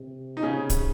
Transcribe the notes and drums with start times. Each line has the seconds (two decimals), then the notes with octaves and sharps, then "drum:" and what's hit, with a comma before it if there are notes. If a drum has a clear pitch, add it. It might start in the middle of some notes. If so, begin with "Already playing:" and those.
Already playing: C3
0.37 D#4
0.43 C#3 C#4
0.70 drum: kick, hi-hat